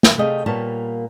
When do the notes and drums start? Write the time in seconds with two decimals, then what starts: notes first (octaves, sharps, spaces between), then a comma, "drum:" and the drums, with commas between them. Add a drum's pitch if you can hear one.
0.03 drum: snare
0.17 C3 A3 C4 G#4 D#5 F5
0.46 A#2 G3 A#3 B3 C#5 A5